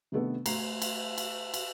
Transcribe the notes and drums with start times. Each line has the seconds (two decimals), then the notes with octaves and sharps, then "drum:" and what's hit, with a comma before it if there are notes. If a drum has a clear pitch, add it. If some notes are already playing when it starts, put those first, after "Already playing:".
0.12 C3 D#3 A3 B3 D4 A4
0.46 A3 A#5 C7, drum: cymbal
0.82 drum: cymbal
1.18 drum: cymbal
1.54 drum: cymbal